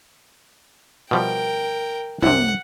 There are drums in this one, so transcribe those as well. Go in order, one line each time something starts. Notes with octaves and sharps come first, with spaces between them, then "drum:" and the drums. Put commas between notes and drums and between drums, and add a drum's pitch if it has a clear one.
B2 F3 G3 A#4 G5
C2 F#2 C3 F#5, drum: tom